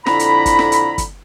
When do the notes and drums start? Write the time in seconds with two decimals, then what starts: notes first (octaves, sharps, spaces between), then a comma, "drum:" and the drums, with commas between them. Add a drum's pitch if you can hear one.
0.06 F2 D3 E4 A#5 B5, drum: snare
0.19 drum: hi-hat
0.46 drum: kick, hi-hat
0.59 drum: snare
0.72 drum: hi-hat
0.98 drum: kick, hi-hat